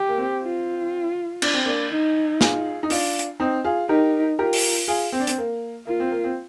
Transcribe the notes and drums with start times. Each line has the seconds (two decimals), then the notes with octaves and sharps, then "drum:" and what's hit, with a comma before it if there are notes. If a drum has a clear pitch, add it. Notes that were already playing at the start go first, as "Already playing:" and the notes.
Already playing: G4
0.08 A#3
0.18 C4
0.43 F4
1.42 D4, drum: cymbal
1.54 C4
1.66 A#3 D4
1.91 D#4
2.41 F4 G#4, drum: snare
2.83 D#4
2.90 D4 F4, drum: open hi-hat
3.19 drum: hi-hat
3.40 C4 D#4
3.64 F4 G#4
3.89 D#4 G4 A#4
4.39 F4 G4 A#4
4.53 drum: open hi-hat
4.88 F4 G#4
5.12 C4
5.20 D4
5.27 C4, drum: hi-hat
5.38 A#3
5.87 A#3 F4
6.00 C4
6.12 A#3
6.24 C4